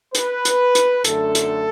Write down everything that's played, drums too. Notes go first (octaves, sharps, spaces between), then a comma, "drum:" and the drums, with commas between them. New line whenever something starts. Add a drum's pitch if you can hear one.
B4, drum: hi-hat
drum: hi-hat
drum: hi-hat
F#2 D3 A3 A4, drum: hi-hat
drum: hi-hat